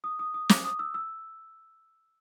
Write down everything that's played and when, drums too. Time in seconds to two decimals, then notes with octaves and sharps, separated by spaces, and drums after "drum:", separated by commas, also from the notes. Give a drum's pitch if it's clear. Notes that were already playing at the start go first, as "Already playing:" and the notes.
0.04 D#6
0.19 D#6
0.34 D#6
0.49 D6, drum: snare
0.65 D#6
0.79 E6
0.94 E6